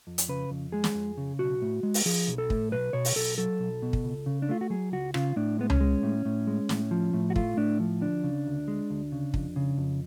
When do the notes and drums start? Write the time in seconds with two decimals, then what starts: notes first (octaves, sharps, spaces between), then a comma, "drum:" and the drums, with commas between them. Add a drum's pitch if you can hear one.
0.07 F2
0.18 drum: hi-hat
0.29 C#3 B4
0.51 F2
0.72 G#3 G#4
0.84 drum: snare
0.95 F2
1.17 C#3
1.39 B1 F#4
1.62 A2
1.83 G#3
1.94 drum: open hi-hat
2.05 F3 G#4
2.28 B1
2.38 A4
2.50 A2, drum: kick
2.71 B1 B4
2.93 B2 C#5
3.05 drum: open hi-hat
3.16 B1 A4
3.38 F#3 A4
3.59 B1
3.82 B2
3.93 drum: kick
4.04 C#2
4.26 C#3
4.42 D4
4.49 A3 F4
4.61 F#4
4.70 F#3 G#4
4.92 C#2 F#4
5.14 C#3 F4, drum: rim click
5.36 A2 D4
5.59 G#3 B3
5.70 C#4, drum: tom C#2
5.81 G#3
6.03 A2
6.25 A2
6.47 G#3
6.69 A2, drum: snare
6.91 F3
7.14 A2
7.30 F#4
7.36 A3 F4, drum: kick
7.57 A2 D4
7.80 F3
8.01 D2 D4
8.24 C#3
8.46 D2
8.68 G#3
8.90 D2
9.12 C#3
9.34 F2, drum: kick
9.56 C#3
9.78 F2